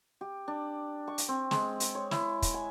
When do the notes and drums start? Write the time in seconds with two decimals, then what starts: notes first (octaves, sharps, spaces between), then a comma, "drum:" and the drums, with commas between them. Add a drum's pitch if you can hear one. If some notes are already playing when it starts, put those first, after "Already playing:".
0.21 G4
0.48 D4
1.07 C#6
1.18 drum: hi-hat
1.28 C4
1.51 G#3, drum: snare
1.80 drum: hi-hat
1.95 C#5
2.11 E4, drum: snare
2.42 drum: kick, hi-hat
2.54 G#5